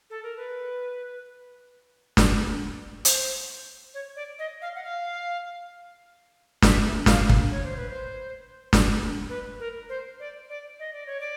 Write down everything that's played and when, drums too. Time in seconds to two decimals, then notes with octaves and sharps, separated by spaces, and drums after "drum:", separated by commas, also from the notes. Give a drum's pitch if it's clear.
0.10 A4
0.23 A#4
0.37 B4
2.17 drum: snare
3.05 C5, drum: hi-hat
3.94 C#5
4.16 D5
4.39 D#5
4.62 F5
4.75 F#5
4.84 F5
6.62 E5, drum: snare
7.06 F5, drum: snare
7.29 drum: kick
7.52 C#5
7.64 C5
7.77 B4
7.89 C5
8.73 drum: snare
9.30 B4
9.60 A#4
9.89 C5
10.20 D5
10.49 D5
10.79 D#5
10.93 D5
11.06 C#5
11.20 D5